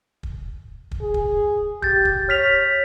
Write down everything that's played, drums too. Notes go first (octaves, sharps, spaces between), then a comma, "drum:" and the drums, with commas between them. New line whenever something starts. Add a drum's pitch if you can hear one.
drum: kick
drum: kick
G#4
drum: kick
G4 G6 A6, drum: kick
drum: kick
C#5 F6 B6 F7